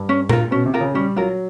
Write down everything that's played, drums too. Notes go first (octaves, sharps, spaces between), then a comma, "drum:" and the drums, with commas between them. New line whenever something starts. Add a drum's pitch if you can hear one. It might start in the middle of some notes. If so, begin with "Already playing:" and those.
Already playing: G2
C#4
F4 A#4, drum: tom A#2
B2 C#4
C3
F4 A#4
C#3
G3 C#4
F#3 F4 A#4